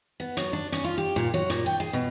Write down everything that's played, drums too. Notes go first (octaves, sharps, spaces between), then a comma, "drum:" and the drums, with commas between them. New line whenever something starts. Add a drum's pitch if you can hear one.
B3
F#3, drum: hi-hat
D4
C#4, drum: hi-hat
F4
G4
A#2
F#3
A#2, drum: hi-hat
G5
G#4
B2